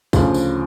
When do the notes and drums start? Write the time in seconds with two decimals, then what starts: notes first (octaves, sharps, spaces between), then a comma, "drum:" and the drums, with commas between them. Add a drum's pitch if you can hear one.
0.13 D2 C#3 F3, drum: kick, tambourine
0.34 drum: tambourine